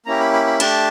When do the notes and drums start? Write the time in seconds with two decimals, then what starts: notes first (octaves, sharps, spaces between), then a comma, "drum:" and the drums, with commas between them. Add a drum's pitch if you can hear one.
0.06 A#3 C#4 E4 G4 A#5
0.20 B5
0.33 B5
0.47 B5
0.60 A3 D4 G4 A5, drum: cymbal